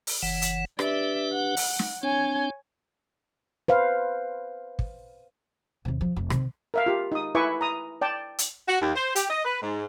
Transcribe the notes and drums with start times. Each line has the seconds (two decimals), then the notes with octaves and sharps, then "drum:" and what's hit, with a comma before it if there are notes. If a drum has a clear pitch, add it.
0.07 drum: open hi-hat
0.22 F#1 E3 F#5
0.42 drum: hi-hat
0.79 D4 G4 B4 D5 E5, drum: rim click
1.32 F#5
1.57 drum: open hi-hat
1.79 drum: snare
2.03 C4 D4 C#5 G#5
3.68 B4 C5 F5
4.79 drum: kick
5.85 D#2 C3
6.01 F3
6.16 F1
6.30 C3 D#3, drum: rim click
6.74 A#4 E5 F5
6.86 F4 G4
7.12 D#4 D#6
7.35 E4 B4 E5 G#5 C#6 D6
7.61 A#5 D#6
8.01 D5 G5 A5
8.39 drum: hi-hat
8.67 F#4
8.81 D#2
8.95 C5
9.16 G4, drum: hi-hat
9.30 D#5
9.45 B4
9.62 G#2